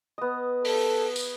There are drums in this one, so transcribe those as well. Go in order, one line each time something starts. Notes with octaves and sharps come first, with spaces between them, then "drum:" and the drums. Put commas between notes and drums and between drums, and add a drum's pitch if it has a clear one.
B3 D#5
A4, drum: open hi-hat
drum: tambourine